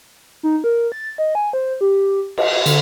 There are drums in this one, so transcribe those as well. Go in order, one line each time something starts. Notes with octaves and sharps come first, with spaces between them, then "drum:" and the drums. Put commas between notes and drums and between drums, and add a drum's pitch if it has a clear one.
D#4
A#4
A6
D#5
G#5
C5
G4
D#5, drum: cymbal
D3, drum: hi-hat